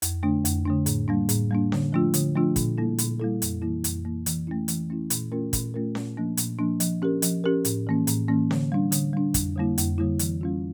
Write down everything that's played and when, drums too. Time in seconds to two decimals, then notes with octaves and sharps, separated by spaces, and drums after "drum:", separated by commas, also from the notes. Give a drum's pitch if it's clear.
0.02 F2, drum: hi-hat
0.23 D3 A3 D4
0.45 F2, drum: hi-hat
0.65 D3 A3 D4
0.86 A2, drum: hi-hat
1.08 G3 A#3 D4
1.29 A2, drum: hi-hat
1.51 G3 A#3 D4
1.72 D3, drum: snare C#4
1.92 F3 A3 D4 F4
2.14 D3, drum: hi-hat
2.36 F3 A3 D4 F4
2.56 A#2, drum: kick, hi-hat
2.78 G3 A#3 E4 A4
2.98 A#2, drum: hi-hat
3.20 G3 A#3 E4 A4
3.42 F2, drum: hi-hat
3.62 E3 A#3 E4
3.84 F2, drum: hi-hat
4.05 E3 A#3 E4
4.26 E3, drum: hi-hat
4.47 A3 C#4 E4
4.68 E3, drum: hi-hat
4.90 A3 C#4 E4
5.10 A#2, drum: hi-hat
5.32 A3 C#4 F4 A#4
5.53 A#2, drum: kick, hi-hat
5.74 A3 C#4 F4 A#4
5.95 A#2, drum: snare C#4
6.17 F3 A#3 D4
6.37 A#2, drum: hi-hat
6.59 F3 A#3 D4
6.80 F3, drum: hi-hat
7.02 C#4 G4 A#4
7.22 F3, drum: hi-hat
7.44 C#4 G4 A#4
7.65 A2, drum: hi-hat
7.87 E3 A#3 C#4
8.07 A2, drum: hi-hat
8.28 E3 A#3 C#4
8.51 D3, drum: snare C#4
8.72 G3 D4
8.92 D3, drum: hi-hat
9.13 G3 D4
9.34 F2, drum: kick, hi-hat
9.56 D3 G3 A#3 E4
9.78 F2, drum: hi-hat
9.98 D3 G3 A#3 E4
10.19 E3, drum: hi-hat
10.41 G3 C#4 F4